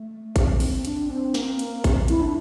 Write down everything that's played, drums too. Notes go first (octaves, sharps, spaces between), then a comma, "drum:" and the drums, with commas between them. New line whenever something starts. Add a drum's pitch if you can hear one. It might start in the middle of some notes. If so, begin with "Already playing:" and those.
Already playing: A3
C4, drum: kick A1, hi-hat
drum: open hi-hat
D4, drum: hi-hat
C4
A#3, drum: snare
drum: hi-hat
C4, drum: kick A1, hi-hat
E4, drum: hi-hat
D4